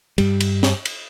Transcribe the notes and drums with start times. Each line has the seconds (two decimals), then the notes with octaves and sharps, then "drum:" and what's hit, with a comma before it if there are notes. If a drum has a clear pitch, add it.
0.18 G2 G3, drum: cymbal
0.40 drum: cymbal
0.63 drum: snare
0.85 drum: cymbal